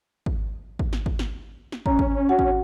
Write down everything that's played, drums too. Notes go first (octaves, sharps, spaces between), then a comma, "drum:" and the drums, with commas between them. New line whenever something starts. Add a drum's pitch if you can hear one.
drum: kick
drum: kick
drum: snare
drum: kick
drum: snare
drum: snare
C#4 A#5, drum: kick
drum: kick
F#4 F#5
drum: kick